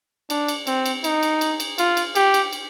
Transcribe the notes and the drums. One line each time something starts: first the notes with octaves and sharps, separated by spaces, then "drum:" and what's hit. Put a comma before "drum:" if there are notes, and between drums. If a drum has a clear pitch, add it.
D4, drum: cymbal
drum: cymbal
C4, drum: cymbal
drum: cymbal
D#4, drum: cymbal
drum: cymbal
drum: cymbal
drum: cymbal
F4, drum: cymbal
drum: cymbal
G4, drum: cymbal
drum: cymbal
drum: cymbal